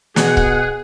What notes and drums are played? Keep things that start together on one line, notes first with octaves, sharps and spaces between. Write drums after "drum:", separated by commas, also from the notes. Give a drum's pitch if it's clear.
B2 G#4 F#5, drum: snare
drum: kick C#1